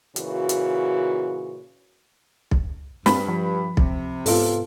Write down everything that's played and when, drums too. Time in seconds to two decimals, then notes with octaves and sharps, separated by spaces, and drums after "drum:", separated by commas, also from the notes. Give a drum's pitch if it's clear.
0.16 A#2 C#3 E3 F#4, drum: hi-hat
0.49 drum: hi-hat
2.51 drum: kick B1
3.06 G2 C4 B5, drum: snare
3.28 F3
3.77 C3, drum: kick B1
4.26 G#2 B3 F4 A4, drum: open hi-hat